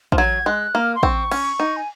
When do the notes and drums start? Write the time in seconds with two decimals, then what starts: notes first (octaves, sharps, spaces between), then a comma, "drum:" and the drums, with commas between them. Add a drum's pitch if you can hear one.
0.12 F3, drum: kick
0.18 F#3 G#6
0.46 G#3 F#6
0.75 A#3 F6
0.95 C6
1.03 C4 C#6, drum: kick
1.31 C#4, drum: cymbal
1.60 D#4
1.77 G#5